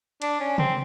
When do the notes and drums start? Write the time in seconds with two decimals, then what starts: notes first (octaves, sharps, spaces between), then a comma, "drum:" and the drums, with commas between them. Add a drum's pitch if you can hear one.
0.22 D4, drum: cymbal
0.40 C#4
0.58 C4, drum: tom